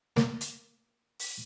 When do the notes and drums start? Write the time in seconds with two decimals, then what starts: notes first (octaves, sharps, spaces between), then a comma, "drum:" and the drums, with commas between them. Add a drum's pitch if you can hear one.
0.17 A#3, drum: snare
0.41 drum: hi-hat
1.19 drum: open hi-hat